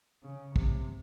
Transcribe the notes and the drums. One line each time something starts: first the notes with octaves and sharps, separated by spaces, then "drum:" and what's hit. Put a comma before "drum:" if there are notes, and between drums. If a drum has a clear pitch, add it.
C#3
C3, drum: kick